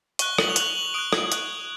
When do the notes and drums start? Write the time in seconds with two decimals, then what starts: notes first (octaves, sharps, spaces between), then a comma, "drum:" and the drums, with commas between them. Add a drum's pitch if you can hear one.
0.19 C#6 F#6 G7, drum: hi-hat
0.38 F#7, drum: rim click
0.50 F7
0.56 C#6 F#6 F#7, drum: hi-hat
0.66 G7
0.75 F#7
0.85 F7
0.94 D#6 F#6 D7
1.13 G#6, drum: rim click
1.32 D#6 F#6, drum: hi-hat